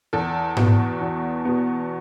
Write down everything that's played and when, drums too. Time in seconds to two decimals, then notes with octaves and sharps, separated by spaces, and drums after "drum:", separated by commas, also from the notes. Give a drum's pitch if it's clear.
0.13 E2 A4
0.57 B2 B3, drum: tom G#2
1.01 E2
1.45 B2 B3